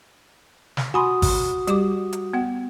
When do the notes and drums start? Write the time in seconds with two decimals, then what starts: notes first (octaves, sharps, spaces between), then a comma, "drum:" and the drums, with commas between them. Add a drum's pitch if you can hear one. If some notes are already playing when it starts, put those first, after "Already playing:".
0.77 drum: snare
0.94 F#4 G#5 B5 C6 D#6
1.22 drum: kick G#1, open hi-hat
1.67 G3 G4 D6, drum: hi-hat
2.13 drum: hi-hat
2.33 B3 F#5